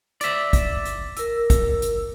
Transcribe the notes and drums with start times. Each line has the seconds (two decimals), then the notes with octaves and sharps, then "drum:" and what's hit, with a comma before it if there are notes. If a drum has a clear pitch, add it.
0.21 D5 E5, drum: hi-hat
0.53 drum: kick, hi-hat
0.85 drum: hi-hat
1.17 A#4 E6, drum: hi-hat
1.50 drum: kick, hi-hat
1.82 drum: hi-hat